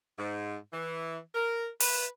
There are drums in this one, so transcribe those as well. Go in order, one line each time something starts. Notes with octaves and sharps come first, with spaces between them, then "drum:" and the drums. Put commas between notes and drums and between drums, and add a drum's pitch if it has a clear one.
G#2
E3
A#4
B4, drum: open hi-hat